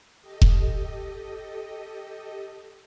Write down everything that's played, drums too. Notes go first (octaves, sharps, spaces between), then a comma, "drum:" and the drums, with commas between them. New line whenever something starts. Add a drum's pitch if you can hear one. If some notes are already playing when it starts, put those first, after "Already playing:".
G4 A4 D#5
drum: kick F1